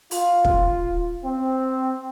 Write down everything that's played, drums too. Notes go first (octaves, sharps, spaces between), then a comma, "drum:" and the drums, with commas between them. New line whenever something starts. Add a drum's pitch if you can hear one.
F4, drum: open hi-hat
drum: kick
C4